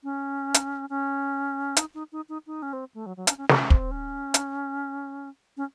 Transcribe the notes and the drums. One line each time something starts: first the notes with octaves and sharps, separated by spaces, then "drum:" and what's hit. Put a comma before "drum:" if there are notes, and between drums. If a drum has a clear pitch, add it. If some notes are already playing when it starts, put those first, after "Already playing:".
C#4
drum: hi-hat
C#4
D#4, drum: hi-hat
D#4
D#4
D#4
D#4
C#4
C4
A3
F#3
F#3
C#4, drum: hi-hat
C#4
C#4, drum: snare
C4, drum: kick
C#4
drum: hi-hat
C#4